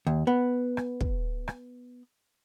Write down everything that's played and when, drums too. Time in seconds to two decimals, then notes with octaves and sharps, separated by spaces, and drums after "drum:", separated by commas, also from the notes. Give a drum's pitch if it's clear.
0.07 D#2
0.27 B3
0.77 drum: rim click
1.01 drum: kick
1.48 drum: rim click